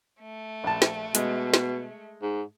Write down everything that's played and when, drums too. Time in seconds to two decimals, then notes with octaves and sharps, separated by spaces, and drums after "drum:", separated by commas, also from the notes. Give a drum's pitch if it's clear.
0.22 A3
0.64 A#1 A5
0.82 drum: snare
1.15 B2 G#3, drum: hi-hat
1.54 drum: snare
2.22 G#2